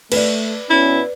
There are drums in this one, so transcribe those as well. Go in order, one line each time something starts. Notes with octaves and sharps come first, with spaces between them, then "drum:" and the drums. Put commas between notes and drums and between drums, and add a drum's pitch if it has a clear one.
A3 B4 D5, drum: cymbal
B2 C#4 E4